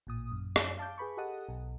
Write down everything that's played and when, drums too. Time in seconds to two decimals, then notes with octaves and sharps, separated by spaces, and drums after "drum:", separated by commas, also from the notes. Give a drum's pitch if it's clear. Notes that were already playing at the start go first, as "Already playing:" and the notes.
0.07 A1 A#2 D#6
0.32 F#2
0.56 drum: rim click
0.78 F5 A5 D6 G6
0.98 G#4 B4 B5 C#6
1.17 G4 A4 D#5 F#5 A5 D#6
1.49 B1